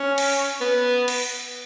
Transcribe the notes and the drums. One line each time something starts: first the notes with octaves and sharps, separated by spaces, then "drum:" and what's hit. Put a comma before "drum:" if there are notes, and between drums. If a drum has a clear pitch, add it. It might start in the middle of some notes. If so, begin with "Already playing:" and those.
Already playing: C#4
drum: cymbal
B3
drum: cymbal